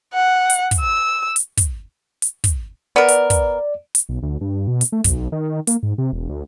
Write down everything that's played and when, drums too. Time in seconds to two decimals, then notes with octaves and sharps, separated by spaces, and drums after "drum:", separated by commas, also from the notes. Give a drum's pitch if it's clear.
0.14 F#5
0.50 drum: hi-hat
0.71 drum: kick, hi-hat
0.80 E6
1.36 drum: hi-hat
1.57 drum: kick, hi-hat
2.22 drum: hi-hat
2.44 drum: kick, hi-hat
2.96 B3 A#4 D5
3.08 drum: hi-hat
3.30 drum: kick, hi-hat
3.95 drum: hi-hat
4.09 B1
4.23 D2
4.41 G2
4.67 B2
4.81 drum: hi-hat
4.92 A3
5.04 B1, drum: kick, hi-hat
5.32 D#3
5.67 A#3, drum: hi-hat
5.83 G#2
5.98 C3
6.13 E1
6.29 D2